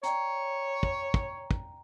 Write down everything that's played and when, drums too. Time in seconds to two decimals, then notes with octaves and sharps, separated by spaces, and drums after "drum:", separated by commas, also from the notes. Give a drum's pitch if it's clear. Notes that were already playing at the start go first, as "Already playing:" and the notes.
0.03 C#5 D5 G5 A#5, drum: hi-hat
0.83 drum: kick
1.14 drum: kick
1.51 drum: kick